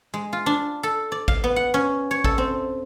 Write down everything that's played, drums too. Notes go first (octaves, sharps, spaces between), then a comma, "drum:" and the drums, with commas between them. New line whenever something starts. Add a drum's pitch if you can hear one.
G#3
F4
D4
A4
D5
F5, drum: kick
B3
F#5
C#4
C#5
A4, drum: kick
C4